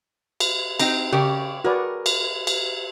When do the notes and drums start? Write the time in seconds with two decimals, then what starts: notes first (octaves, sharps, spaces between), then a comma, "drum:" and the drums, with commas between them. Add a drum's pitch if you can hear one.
0.40 drum: cymbal
0.80 C4 D#4 G5 A#5, drum: cymbal
1.12 C#3 C#4 G4 A#4 D5
1.64 F#4 G#4 A#4 B4 D5
2.06 drum: cymbal
2.47 drum: cymbal